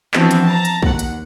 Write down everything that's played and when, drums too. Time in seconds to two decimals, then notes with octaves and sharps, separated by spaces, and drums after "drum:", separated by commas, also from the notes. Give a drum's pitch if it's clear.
0.14 E3 F3 B3 C4 D4 F#4, drum: clap
0.31 drum: hi-hat
0.45 A5 A#5
0.65 drum: hi-hat
0.82 D#2 F#5, drum: kick
0.99 drum: hi-hat